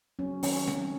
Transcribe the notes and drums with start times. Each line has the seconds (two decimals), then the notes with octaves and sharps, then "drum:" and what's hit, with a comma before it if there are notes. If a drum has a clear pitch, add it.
0.19 F#3 C#4
0.43 D#3 C#4, drum: open hi-hat
0.67 C4, drum: snare C4